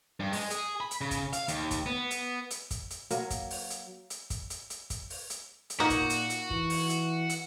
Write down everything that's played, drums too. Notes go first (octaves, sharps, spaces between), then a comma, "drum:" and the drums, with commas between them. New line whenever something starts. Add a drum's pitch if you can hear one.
G2
G#3, drum: open hi-hat
G#4, drum: hi-hat
B5
drum: hi-hat
C#3
drum: kick, hi-hat
F5, drum: hi-hat
D#2, drum: hi-hat
drum: kick, hi-hat
B3
drum: hi-hat
drum: hi-hat
drum: kick, hi-hat
drum: hi-hat
F#3 A#3 A#4, drum: hi-hat
drum: kick, hi-hat
drum: open hi-hat
drum: hi-hat
drum: hi-hat
drum: kick, hi-hat
drum: hi-hat
drum: hi-hat
drum: kick, hi-hat
drum: open hi-hat
drum: hi-hat
drum: hi-hat
A#2 A#3 D#4 F#4 F#5
drum: kick, hi-hat
drum: hi-hat
drum: hi-hat
E3, drum: kick
drum: open hi-hat
drum: hi-hat
drum: hi-hat